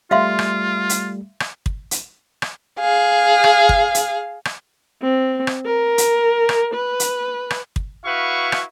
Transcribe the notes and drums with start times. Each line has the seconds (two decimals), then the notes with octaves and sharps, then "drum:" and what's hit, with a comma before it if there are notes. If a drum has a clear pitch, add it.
0.11 G3 A3 F4 E5 F5 C6
0.39 drum: rim click
0.89 drum: hi-hat
1.40 drum: rim click
1.66 drum: kick
1.91 drum: hi-hat
2.42 drum: rim click
2.80 G#4 F5
3.44 drum: rim click
3.69 drum: kick
3.95 drum: hi-hat
4.45 drum: rim click
5.02 C4
5.47 drum: rim click
5.65 A#4
5.98 drum: hi-hat
6.49 drum: rim click
6.74 B4
7.00 drum: hi-hat
7.50 drum: rim click
7.76 drum: kick
8.05 E4 F#4 B4 F5 C#6
8.52 drum: rim click